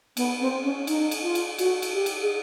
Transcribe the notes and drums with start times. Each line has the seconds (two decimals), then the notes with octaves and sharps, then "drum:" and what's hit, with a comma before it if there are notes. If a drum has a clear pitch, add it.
0.17 B3, drum: cymbal
0.41 C4
0.63 C#4
0.87 D#4, drum: cymbal
1.11 drum: cymbal
1.23 F4
1.35 drum: cymbal
1.58 F#4, drum: cymbal
1.82 drum: cymbal
1.94 G4
2.06 drum: cymbal
2.22 G#4